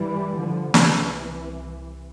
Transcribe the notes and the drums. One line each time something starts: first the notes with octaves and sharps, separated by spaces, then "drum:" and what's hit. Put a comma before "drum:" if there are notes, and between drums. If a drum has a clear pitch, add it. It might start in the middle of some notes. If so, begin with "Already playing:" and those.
Already playing: A1 G2 E3 G3
D3 F3
C2 C3 E3, drum: snare